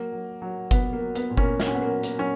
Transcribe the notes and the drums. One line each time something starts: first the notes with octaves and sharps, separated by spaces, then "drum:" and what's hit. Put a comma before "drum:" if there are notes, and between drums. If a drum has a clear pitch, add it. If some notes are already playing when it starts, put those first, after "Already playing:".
Already playing: F#3 A#3
F#3
F#3
F#3 B3, drum: kick G1, hi-hat
A#3
F#3
B3, drum: hi-hat
A#2
A#3 C#4, drum: kick G1
F#3, drum: snare
C#4
B3
A#3
F#3
A#3, drum: hi-hat
F#3 C#4